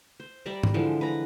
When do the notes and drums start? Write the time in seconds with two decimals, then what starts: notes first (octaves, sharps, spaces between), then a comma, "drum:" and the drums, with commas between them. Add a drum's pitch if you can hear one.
0.20 C5
0.46 G3 D5 E5 A#5
0.63 drum: tom G#2
0.74 D3 E3 F3 G#3
1.01 B4 A#5